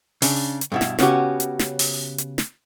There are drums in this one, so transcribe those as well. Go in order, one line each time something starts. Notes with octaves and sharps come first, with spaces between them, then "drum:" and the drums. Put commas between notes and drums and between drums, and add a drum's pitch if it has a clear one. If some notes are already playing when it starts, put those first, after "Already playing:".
C#3 D4, drum: open hi-hat
drum: hi-hat
G2 B2 E4
drum: snare
C#3 B3 C#4 E4 F#4 G4, drum: snare
drum: hi-hat
drum: snare
drum: open hi-hat
drum: hi-hat
drum: snare